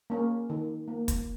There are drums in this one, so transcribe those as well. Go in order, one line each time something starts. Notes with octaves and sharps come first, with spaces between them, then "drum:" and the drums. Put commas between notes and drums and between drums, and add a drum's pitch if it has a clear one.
A#3 C#4
D#3
A#3
drum: kick, hi-hat